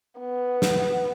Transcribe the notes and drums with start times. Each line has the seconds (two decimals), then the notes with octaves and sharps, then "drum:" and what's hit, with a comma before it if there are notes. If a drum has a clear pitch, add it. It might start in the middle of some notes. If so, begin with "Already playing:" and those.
0.19 B3
0.62 drum: snare